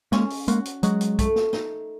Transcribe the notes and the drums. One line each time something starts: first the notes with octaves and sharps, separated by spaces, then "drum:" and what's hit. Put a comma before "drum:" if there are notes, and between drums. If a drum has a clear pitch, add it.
G#3 A#3 C#4, drum: snare
drum: open hi-hat
G#3 A#3 F#4, drum: hi-hat
drum: hi-hat
F#3 G#3 F#4, drum: hi-hat
drum: hi-hat
A3, drum: kick B1, hi-hat
drum: snare
D#4, drum: snare